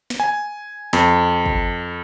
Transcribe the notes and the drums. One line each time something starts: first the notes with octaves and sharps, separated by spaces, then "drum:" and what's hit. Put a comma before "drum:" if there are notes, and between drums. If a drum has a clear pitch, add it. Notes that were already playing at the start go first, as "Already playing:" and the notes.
drum: snare
G#5
F2, drum: snare
drum: kick